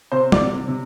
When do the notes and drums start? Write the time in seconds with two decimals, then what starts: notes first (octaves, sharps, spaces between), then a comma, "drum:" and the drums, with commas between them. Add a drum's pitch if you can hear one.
0.12 C3 C5
0.32 D5, drum: tom
0.39 C3
0.68 C3